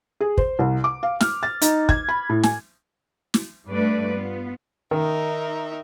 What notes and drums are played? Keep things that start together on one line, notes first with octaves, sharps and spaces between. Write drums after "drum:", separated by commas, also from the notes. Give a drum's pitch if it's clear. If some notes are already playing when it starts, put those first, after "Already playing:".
G#4
C5, drum: kick
C2
D6
F5
F6, drum: snare
A6
D#4, drum: hi-hat
G#6, drum: kick
B5
A2
G#5, drum: snare
drum: snare
G2 G3 A3 D4 B4 D5
B3 F4
D#3 D#4 A#4 E5